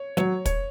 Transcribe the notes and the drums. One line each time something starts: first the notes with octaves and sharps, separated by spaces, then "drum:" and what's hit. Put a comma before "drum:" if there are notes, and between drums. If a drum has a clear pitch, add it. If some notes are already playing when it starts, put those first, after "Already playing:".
Already playing: C#5
F#3 C#5, drum: snare
C#5, drum: kick, hi-hat